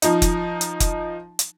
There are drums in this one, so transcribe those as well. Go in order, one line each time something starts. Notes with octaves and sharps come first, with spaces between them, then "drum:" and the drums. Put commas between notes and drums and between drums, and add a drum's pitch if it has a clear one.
F3 D#4, drum: hi-hat
drum: kick F1, hi-hat
drum: hi-hat
drum: kick F1, hi-hat
drum: hi-hat